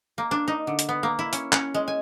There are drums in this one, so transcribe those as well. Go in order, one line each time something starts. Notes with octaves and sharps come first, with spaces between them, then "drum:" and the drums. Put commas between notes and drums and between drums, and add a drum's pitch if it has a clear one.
A#3
D4
D#4
D3
drum: hi-hat
B3
A#3
E4
C#4, drum: hi-hat
C#4, drum: clap
G#3
G#5